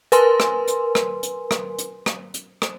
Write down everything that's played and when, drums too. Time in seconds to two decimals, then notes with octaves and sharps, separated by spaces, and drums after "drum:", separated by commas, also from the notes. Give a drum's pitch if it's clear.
0.12 A#4 B4 G#5 C6, drum: hi-hat
0.40 drum: rim click
0.67 drum: hi-hat
0.95 drum: rim click
1.23 drum: hi-hat
1.51 drum: rim click
1.79 drum: hi-hat
2.06 drum: rim click
2.34 drum: hi-hat
2.62 drum: rim click